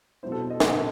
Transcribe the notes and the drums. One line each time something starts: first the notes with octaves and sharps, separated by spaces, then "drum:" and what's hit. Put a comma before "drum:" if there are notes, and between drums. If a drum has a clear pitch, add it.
B2 F#3 C4 E4 C5
A4
C5
D#5
F#5, drum: snare